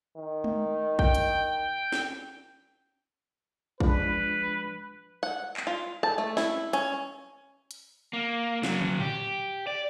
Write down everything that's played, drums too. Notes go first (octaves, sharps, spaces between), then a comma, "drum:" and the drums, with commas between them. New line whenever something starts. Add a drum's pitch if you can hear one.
D#3
drum: tom G#3
G5, drum: kick
drum: hi-hat
drum: snare
F3 G#3 D4 B4, drum: kick
F#5
drum: clap
F4
A5, drum: rim click
A3
E4, drum: snare
C#4, drum: hi-hat
drum: hi-hat
A#3
C#3 F#3, drum: snare
drum: tom
G4, drum: tom A2
D5